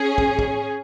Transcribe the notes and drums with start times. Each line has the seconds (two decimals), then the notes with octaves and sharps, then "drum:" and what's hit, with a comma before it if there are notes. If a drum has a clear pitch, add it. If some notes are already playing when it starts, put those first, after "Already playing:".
Already playing: C#4 G#4
0.18 drum: kick
0.39 drum: kick